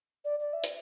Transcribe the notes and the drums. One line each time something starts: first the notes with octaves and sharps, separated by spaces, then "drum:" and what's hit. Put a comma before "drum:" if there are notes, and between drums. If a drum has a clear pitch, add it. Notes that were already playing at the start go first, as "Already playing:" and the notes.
D5
D5
E5
drum: hi-hat